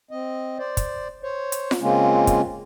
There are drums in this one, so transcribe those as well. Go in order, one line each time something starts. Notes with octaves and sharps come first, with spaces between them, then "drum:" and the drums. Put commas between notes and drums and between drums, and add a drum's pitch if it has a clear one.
C4 D#5
C5 D5
drum: kick, hi-hat
C5 C#5
drum: hi-hat
drum: snare F4
C#3 G#3 A#3 C4 C#4 F4
drum: kick, hi-hat